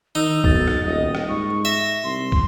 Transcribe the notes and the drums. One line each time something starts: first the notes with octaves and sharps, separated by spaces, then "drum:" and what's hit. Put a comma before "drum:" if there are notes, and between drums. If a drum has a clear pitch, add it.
D#3 D#4 E6
B1 A6, drum: kick
drum: rim click
D#1 D#5
drum: rim click
G#2 C#6
E5 A#6
C2 C6
drum: kick